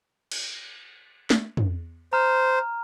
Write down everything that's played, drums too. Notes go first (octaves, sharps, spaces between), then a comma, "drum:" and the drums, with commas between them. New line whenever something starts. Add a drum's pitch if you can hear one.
drum: cymbal
drum: snare
drum: tom
C5 A#5 F6